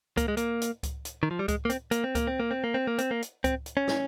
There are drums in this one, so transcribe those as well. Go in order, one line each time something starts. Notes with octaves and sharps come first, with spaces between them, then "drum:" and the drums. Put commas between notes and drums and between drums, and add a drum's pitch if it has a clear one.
A#3, drum: kick C#2, hi-hat
G#3
A#3, drum: hi-hat
drum: hi-hat
drum: kick C#2, hi-hat
drum: hi-hat
D#3
F3
G3
G#3, drum: kick C#2, hi-hat
A#3
C4, drum: hi-hat
A#3, drum: hi-hat
C4
A#3, drum: kick C#2, hi-hat
C4
A#3
C4
A#3
C4
A#3
C4, drum: hi-hat
A#3
drum: hi-hat
C4, drum: kick C#2, hi-hat
drum: hi-hat
C#4
drum: snare